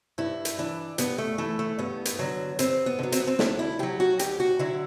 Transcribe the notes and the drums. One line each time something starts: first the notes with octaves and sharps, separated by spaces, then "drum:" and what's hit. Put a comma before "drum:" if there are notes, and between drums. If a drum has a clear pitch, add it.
G2 E4
drum: hi-hat
E3 D4
G2 B3, drum: hi-hat
A3
E3 A3
A3
G2 B3
drum: hi-hat
D3 F#3
G2 C4, drum: hi-hat
B3
D3
F#3
C4, drum: hi-hat
B3
C4
D2 D4, drum: snare
E4
D3 F#3 G4
F#4
D2 G4, drum: hi-hat
F#4
D3 F#3 E4